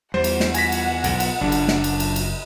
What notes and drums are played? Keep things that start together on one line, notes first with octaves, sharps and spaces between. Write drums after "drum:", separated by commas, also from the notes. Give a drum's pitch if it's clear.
E2 G3 C5 F#5
drum: cymbal
drum: snare
G#5 A#6 B6, drum: cymbal
drum: cymbal
B1 G#2, drum: cymbal
drum: cymbal
F#1 F#2 D4
drum: cymbal
drum: snare
drum: cymbal
drum: cymbal
drum: cymbal